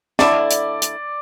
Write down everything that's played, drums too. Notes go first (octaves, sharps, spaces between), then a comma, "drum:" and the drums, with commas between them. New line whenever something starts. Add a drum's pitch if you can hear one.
D3 A3 E4 D5, drum: snare
drum: hi-hat
drum: hi-hat